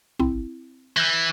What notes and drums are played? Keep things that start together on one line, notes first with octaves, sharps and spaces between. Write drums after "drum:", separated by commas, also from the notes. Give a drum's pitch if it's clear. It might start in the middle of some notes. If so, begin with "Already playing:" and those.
C4 E4, drum: tom A1
E3 E6 G6 A#6